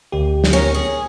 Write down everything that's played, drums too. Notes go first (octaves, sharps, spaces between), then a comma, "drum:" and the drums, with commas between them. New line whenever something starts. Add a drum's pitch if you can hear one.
D2 G4
drum: snare
C#4 A#4
G#4